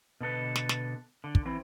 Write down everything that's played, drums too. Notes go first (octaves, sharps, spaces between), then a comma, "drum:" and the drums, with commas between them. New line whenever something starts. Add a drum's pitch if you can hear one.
B2 D3 A4 B4
drum: snare
drum: snare
D3
drum: kick
E3 C4 E4